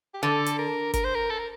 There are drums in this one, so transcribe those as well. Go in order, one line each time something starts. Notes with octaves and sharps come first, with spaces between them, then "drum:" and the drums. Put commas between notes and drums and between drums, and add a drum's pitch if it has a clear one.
G4
D3 A4
drum: hi-hat
A#4
A#4, drum: kick, hi-hat
C5
A#4
A4
A#4